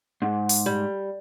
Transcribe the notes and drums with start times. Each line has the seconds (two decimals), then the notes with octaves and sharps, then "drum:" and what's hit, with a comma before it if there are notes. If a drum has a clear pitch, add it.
0.22 G#2
0.49 drum: open hi-hat
0.66 G3